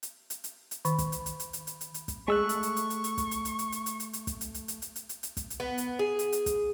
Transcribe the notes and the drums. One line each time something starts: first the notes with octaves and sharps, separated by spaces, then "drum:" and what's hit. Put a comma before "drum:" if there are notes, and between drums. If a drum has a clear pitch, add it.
drum: hi-hat
drum: hi-hat
drum: hi-hat
drum: hi-hat
D#3 B5, drum: hi-hat
drum: kick, hi-hat
drum: hi-hat
drum: hi-hat
drum: hi-hat
drum: hi-hat
drum: hi-hat
drum: hi-hat
drum: hi-hat
drum: kick, hi-hat
G#3 A3 C#6 E6 F#6
drum: hi-hat
drum: hi-hat
drum: hi-hat
drum: hi-hat
drum: hi-hat
drum: kick, hi-hat
drum: hi-hat
drum: hi-hat
drum: hi-hat
drum: hi-hat
drum: hi-hat
drum: hi-hat
drum: hi-hat
drum: kick, hi-hat
drum: hi-hat
drum: hi-hat
drum: hi-hat
drum: hi-hat
drum: hi-hat
drum: hi-hat
drum: hi-hat
drum: kick, hi-hat
drum: hi-hat
B3
drum: hi-hat
G#4
drum: hi-hat
drum: hi-hat
drum: kick, hi-hat